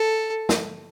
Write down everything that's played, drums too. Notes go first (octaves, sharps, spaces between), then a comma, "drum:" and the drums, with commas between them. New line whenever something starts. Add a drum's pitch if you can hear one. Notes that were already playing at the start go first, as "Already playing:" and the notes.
Already playing: A4
drum: snare